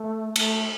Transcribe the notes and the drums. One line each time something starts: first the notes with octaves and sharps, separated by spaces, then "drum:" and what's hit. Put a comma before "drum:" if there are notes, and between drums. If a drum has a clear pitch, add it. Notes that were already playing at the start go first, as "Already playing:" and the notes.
Already playing: A3
A3, drum: cymbal